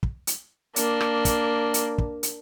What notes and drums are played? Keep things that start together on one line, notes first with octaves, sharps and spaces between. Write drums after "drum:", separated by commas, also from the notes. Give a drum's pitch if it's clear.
drum: kick
drum: hi-hat
A#3 D4, drum: hi-hat
drum: rim click
drum: kick, hi-hat
drum: hi-hat
drum: kick
drum: hi-hat